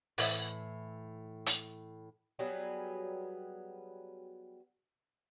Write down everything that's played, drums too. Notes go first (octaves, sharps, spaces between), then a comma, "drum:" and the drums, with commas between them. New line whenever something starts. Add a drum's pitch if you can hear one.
A2 E3 E5, drum: open hi-hat
drum: hi-hat
F#3 G3 B3 G#4